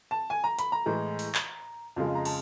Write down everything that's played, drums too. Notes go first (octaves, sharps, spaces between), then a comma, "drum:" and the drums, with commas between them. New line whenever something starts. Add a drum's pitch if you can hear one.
A5
G#5
A#5
B5, drum: hi-hat
A#5
A2 E3 G#3
drum: open hi-hat
drum: clap
F2 C#3 F3 G#3
A#5
A5, drum: cymbal